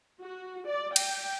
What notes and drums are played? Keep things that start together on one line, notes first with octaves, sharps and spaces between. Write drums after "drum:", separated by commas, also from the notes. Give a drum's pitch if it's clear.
F#4
D5
G5, drum: cymbal